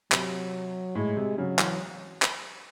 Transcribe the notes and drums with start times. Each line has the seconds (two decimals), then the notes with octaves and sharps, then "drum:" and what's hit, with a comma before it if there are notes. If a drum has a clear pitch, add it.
0.12 C3 F#3, drum: clap
0.95 A2 G#3
1.17 C3
1.38 C#3 F#3
1.59 E3, drum: clap
2.22 drum: clap